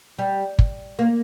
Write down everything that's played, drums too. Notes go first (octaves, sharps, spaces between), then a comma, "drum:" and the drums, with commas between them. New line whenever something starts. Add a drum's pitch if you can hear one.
G3
drum: kick
A#3